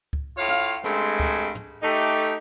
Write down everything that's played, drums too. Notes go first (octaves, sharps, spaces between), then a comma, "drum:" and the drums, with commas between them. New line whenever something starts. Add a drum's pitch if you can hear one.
drum: kick C#2
A2 F4 C#5 F5
drum: snare
G2 G#3 A3 C4, drum: snare
drum: kick C#2
drum: tom
A3 D#4 G4